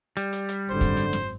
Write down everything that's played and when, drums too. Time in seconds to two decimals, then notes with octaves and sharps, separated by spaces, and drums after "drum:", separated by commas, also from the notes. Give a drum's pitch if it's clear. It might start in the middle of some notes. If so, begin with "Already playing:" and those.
0.17 G3, drum: hi-hat
0.33 drum: hi-hat
0.49 drum: hi-hat
0.70 G#1 F#2 D3 C5
0.81 drum: kick, hi-hat
0.97 drum: hi-hat
1.13 drum: snare